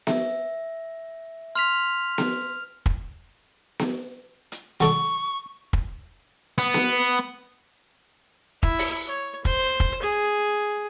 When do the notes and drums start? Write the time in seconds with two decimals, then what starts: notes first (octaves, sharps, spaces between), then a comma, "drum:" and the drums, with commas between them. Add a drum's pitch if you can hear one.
0.07 E5, drum: snare B3
1.55 C6 F6 B6 F7
2.18 drum: snare B3
2.86 drum: kick
3.79 drum: snare B3
4.52 drum: hi-hat
4.80 F#3 A4 D5 C#6, drum: hi-hat
5.73 drum: kick
6.58 B3
6.74 drum: snare B3
8.63 E4, drum: kick
8.79 drum: open hi-hat
9.08 C#5
9.45 C5, drum: kick
9.80 drum: kick
10.02 G#4